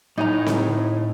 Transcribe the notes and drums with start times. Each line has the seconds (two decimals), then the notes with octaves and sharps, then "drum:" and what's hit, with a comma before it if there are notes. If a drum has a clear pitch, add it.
0.18 A2 D#4 D#5 A#5
0.46 drum: snare C4